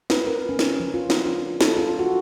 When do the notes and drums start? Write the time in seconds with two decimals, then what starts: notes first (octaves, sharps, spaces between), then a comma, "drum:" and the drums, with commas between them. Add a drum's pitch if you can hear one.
0.10 B4, drum: snare
0.27 A#4
0.49 C#4
0.59 drum: snare
0.80 F3
0.94 F4
1.10 drum: snare
1.25 D4
1.61 A4, drum: snare
1.77 F4
1.99 F#4